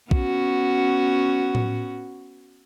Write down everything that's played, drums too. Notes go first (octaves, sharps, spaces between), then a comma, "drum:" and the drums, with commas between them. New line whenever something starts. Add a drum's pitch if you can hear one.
B3 C#4 F#4, drum: kick A#1
drum: tom A2